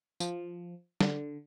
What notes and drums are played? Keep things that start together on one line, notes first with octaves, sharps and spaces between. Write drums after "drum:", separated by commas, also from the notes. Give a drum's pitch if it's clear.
F3, drum: tambourine
D3, drum: snare